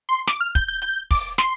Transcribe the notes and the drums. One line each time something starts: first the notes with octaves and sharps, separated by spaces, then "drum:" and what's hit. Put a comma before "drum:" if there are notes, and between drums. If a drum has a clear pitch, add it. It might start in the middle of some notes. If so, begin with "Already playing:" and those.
C6
D6, drum: snare
F6
G6, drum: kick, hi-hat
G6
G6, drum: hi-hat
D6, drum: kick, open hi-hat
C6, drum: snare